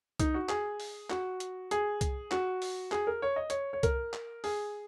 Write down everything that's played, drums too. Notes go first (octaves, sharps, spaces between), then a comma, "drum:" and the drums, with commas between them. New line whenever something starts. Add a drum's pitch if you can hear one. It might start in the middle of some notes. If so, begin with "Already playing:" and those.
D#4, drum: kick C2, hi-hat
F#4
G#4, drum: clap
drum: open hi-hat
F#4, drum: clap
drum: hi-hat
G#4, drum: hi-hat
drum: kick C2, hi-hat
F#4, drum: clap
drum: open hi-hat
G#4, drum: clap
A#4
C#5
D#5
C#5, drum: hi-hat
C#5
A#4, drum: kick C2, hi-hat
drum: clap
G#4, drum: open hi-hat